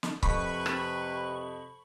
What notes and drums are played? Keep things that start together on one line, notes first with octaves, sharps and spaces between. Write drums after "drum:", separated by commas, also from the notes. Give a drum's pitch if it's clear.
drum: snare
F2 C3 B4 B5 C#6, drum: kick C#1
drum: rim click